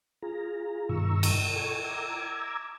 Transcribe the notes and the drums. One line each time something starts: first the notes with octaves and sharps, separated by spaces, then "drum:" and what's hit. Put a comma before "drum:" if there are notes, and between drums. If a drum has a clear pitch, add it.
F4 G#4 A#5
G2 B2 D#3 A#5 C#6 E6
drum: cymbal
A4 G#5 C#6
A#5 D6 E6 G#6